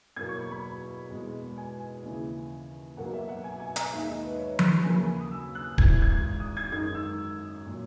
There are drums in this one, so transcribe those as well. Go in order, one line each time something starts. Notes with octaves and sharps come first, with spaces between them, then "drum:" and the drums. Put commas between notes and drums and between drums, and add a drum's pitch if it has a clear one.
E2 B2 F#3 A#3 G#6
C#6
B5
B5
E2 B2 G#3
G#5
D#2 C#3 E3
B1 B2 F#3 A#3 F#5
E5
F#5
G#5
G#5
A#5, drum: hi-hat
D#2 D#3 G#3 E5
D#5
B4
D#5
C#5
drum: tom F3
D#2 C#3 F#3 A#3 G#5
B5
D#6
E6
F#6
G#1 G#2 E3 G#6, drum: kick D1
G#6
D#6
G#6
F#2 D#3 G#3 G#6
E6
A#2 F#3